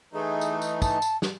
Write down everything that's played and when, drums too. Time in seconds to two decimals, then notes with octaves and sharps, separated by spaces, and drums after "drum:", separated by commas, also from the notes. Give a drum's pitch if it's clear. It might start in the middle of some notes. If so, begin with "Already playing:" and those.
0.13 E3 A3 D#4 G#4
0.41 drum: tambourine
0.62 drum: tambourine
0.82 A5, drum: kick, tambourine
1.02 drum: tambourine
1.22 drum: snare